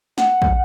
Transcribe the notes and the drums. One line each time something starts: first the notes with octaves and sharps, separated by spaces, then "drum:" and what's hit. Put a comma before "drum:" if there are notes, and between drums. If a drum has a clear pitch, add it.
F#5, drum: snare
drum: kick